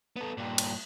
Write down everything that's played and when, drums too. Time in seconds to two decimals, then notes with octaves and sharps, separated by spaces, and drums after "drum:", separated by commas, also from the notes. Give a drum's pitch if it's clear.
0.16 B3 A4
0.38 G2 A#2
0.58 drum: cymbal